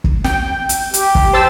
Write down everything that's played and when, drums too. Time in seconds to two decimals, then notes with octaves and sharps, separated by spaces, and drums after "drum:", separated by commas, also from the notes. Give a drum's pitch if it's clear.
0.04 drum: kick
0.24 G5, drum: snare
0.69 drum: hi-hat
0.94 G4, drum: hi-hat
1.15 drum: kick
1.33 C5 A5 E6